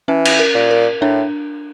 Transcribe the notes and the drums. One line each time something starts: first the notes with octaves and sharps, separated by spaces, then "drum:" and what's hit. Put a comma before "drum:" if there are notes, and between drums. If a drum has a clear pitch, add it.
E3 C#4
drum: cymbal
A#4
A#2
A#4
A2 D4